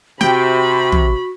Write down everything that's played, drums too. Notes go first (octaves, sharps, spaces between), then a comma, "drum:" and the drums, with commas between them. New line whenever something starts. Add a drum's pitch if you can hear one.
C3 F#4 G5 B5, drum: snare
drum: tom